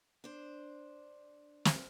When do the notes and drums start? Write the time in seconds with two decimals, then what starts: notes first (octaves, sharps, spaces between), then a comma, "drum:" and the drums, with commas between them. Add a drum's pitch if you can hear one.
0.24 D4 C5
1.65 drum: snare